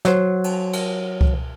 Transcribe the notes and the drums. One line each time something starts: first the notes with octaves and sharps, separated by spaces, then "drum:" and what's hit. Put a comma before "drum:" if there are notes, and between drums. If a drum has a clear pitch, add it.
F#3 C5, drum: snare
drum: cymbal
drum: cymbal
drum: kick C2